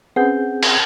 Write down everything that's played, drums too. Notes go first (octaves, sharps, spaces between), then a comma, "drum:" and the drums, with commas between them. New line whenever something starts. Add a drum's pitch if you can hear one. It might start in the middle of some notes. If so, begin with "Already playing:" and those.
C4 C#4 G#4 B4 F#5 G6
drum: cymbal